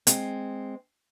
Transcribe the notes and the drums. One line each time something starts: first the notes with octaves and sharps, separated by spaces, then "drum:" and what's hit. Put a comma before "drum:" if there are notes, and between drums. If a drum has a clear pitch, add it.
G#3 C4, drum: hi-hat